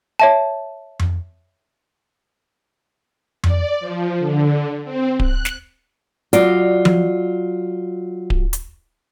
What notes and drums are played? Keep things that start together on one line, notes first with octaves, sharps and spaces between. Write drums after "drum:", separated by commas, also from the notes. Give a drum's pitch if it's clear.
C#5 E5 A5
drum: tom F2
D5, drum: tom F2
F3
D3
C4
F#6, drum: kick D1
drum: snare
F#3 F4 D5 D#5, drum: hi-hat
drum: tom F3
drum: kick D1
drum: hi-hat